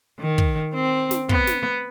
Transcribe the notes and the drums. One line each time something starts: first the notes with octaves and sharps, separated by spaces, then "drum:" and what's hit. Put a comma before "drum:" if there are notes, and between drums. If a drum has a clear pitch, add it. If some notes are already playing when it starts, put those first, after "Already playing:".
D#3
drum: kick
C4
drum: snare
B3, drum: kick
drum: snare